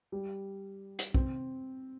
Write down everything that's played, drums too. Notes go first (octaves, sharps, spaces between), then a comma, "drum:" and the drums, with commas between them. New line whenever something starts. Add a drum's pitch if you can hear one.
G3
drum: hi-hat
C4, drum: kick